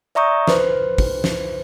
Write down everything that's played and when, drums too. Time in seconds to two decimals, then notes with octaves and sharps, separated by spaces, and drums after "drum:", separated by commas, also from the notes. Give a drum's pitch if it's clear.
0.15 D5 E5 A#5 C#6 D#6 G6
0.47 B4 C5, drum: snare
0.98 drum: kick, open hi-hat
1.24 drum: snare